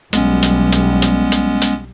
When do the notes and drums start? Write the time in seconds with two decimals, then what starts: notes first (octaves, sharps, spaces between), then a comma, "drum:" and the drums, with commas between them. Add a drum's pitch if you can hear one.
0.13 B1 G3 G#3 B3 C#4, drum: hi-hat
0.43 drum: hi-hat
0.73 drum: hi-hat
1.02 drum: hi-hat
1.32 drum: hi-hat
1.62 drum: hi-hat